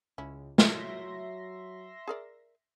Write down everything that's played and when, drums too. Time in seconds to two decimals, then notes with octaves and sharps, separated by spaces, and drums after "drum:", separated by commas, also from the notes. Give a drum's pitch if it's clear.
0.18 C#2 C#4 E4
0.58 F#3 E5 C6 A#6, drum: snare
2.08 G#4 A#4 D5